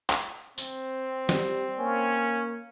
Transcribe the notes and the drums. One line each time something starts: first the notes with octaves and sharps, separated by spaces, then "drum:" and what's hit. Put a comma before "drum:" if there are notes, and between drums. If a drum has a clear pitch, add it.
drum: clap
C4, drum: tambourine
G3, drum: snare
A#3 C#4